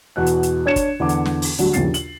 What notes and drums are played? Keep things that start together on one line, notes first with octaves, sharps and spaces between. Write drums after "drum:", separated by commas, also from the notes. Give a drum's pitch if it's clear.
E2 B2 F#6
drum: hi-hat
drum: hi-hat
D4 C#5 G#6 C#7 E7
drum: kick G1, hi-hat
E2 D3 D6
drum: hi-hat
drum: snare
drum: open hi-hat
D2 D3 F#3 G3, drum: hi-hat
A#1 D#2 C#3 C#4 A6 C7, drum: hi-hat
F#7, drum: hi-hat